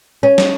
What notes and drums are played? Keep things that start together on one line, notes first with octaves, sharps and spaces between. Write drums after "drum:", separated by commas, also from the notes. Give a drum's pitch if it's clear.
C#4
drum: snare